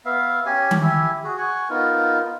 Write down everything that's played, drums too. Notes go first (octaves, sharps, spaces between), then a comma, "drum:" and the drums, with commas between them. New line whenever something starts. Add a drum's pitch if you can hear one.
B3 E5 F5
C#4 G4 G#5
drum: tom D#3
E4 G4 E5 G#5
F#4 G#4
F#5 G#5 C#6
B3 D#4 F4 A#4